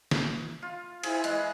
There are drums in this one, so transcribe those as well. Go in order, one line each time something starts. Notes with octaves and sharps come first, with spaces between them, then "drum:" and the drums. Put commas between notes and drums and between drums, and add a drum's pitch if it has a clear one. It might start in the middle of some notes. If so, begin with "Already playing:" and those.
drum: snare
F4
E4 G#4 C5 G#5, drum: cymbal
E3 G#3 D#5, drum: hi-hat